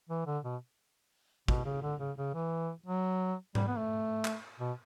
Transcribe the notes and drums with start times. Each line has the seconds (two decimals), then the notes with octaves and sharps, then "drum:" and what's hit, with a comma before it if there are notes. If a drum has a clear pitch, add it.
0.10 E3
0.26 D3
0.44 B2
1.48 B2, drum: kick
1.65 C#3
1.82 D3
2.00 C#3
2.18 C#3
2.34 E3
2.86 F#3
3.55 G3, drum: tom G#2
3.67 B3
3.78 A3
4.25 drum: clap
4.60 B2